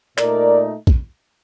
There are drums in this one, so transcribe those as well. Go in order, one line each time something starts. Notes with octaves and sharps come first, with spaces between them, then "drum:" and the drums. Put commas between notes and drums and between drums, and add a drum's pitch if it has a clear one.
A#2 A3 D#4 A#4 D5, drum: clap
drum: kick A#1